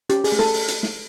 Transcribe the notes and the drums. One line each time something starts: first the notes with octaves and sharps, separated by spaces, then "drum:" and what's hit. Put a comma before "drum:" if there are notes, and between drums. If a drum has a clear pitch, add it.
C#4 G4, drum: hi-hat
G#4, drum: open hi-hat
A3
A4, drum: snare
drum: open hi-hat
drum: hi-hat
drum: snare